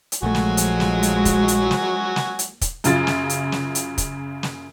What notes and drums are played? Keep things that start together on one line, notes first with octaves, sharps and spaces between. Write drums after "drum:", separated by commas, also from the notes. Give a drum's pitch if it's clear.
drum: hi-hat
A#1 F3 F#3 G#3 A3 F#4 G#5
drum: snare
drum: hi-hat
drum: snare
drum: hi-hat
drum: kick, hi-hat
drum: hi-hat
drum: snare
drum: snare
drum: hi-hat
drum: kick, hi-hat
F#2 C#3 F4 A6, drum: hi-hat
drum: snare
drum: hi-hat
drum: snare
drum: hi-hat
drum: kick, hi-hat
drum: snare